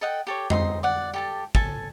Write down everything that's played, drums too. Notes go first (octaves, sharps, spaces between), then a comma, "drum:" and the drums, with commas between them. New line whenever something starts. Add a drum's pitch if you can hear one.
A4 D#5 F#5 G5
G4 A4 C#5
D#4 C5 C6 D#6, drum: tom F2
D5 F#5
G4 A4 A5
A4 G#5 A5, drum: kick